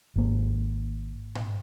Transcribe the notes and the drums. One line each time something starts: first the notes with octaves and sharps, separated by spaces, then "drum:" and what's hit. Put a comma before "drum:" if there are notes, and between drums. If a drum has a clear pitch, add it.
G#1 A#3
drum: tom G#2